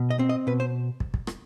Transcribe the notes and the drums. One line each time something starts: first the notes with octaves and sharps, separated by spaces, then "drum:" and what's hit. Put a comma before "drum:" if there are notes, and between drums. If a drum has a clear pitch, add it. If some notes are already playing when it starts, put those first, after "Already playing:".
Already playing: B2
D#5
C4
D#5
B2 B4
C5
drum: kick
drum: kick
drum: rim click